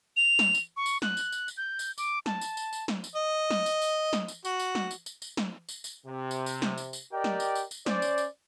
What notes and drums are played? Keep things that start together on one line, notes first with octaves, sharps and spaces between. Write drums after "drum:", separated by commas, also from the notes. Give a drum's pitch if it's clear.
F7
drum: snare
drum: tambourine
C#6
drum: tambourine
F#6, drum: snare
drum: tambourine
drum: tambourine
drum: tambourine
G6
drum: tambourine
D6, drum: tambourine
A5, drum: snare
drum: tambourine
drum: tambourine
drum: tambourine
drum: snare
drum: tambourine
D#5
drum: snare
drum: tambourine
drum: tambourine
drum: snare
drum: tambourine
F#4, drum: tambourine
drum: tambourine
drum: snare
drum: tambourine
drum: tambourine
drum: tambourine
drum: snare
drum: tambourine
drum: tambourine
C3
drum: tambourine
drum: tambourine
drum: snare
drum: tambourine
drum: tambourine
G4 A#4 D5 D#5 G5
drum: snare
drum: tambourine
drum: tambourine
drum: tambourine
C#4 C5 D5, drum: snare
drum: tambourine
drum: tambourine